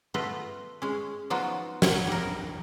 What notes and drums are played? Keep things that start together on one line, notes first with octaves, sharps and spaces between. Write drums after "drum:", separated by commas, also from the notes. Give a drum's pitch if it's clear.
A3 B3 F4 B4 D#5
G#3 C#4
F3 F#3 B3 D#4 F4 F#4
F#3 G#5, drum: snare
G3 A#4